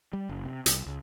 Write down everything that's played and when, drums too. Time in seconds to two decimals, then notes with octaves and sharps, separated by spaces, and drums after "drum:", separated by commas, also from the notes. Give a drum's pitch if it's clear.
0.13 G3
0.29 F#1
0.45 C3
0.66 C2, drum: hi-hat
0.86 C#2